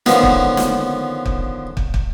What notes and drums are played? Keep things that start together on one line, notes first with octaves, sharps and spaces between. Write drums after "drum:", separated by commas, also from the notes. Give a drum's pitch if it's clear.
D3 D#3 F3 B3 C#4, drum: snare
drum: kick
drum: snare
drum: kick
drum: kick
drum: kick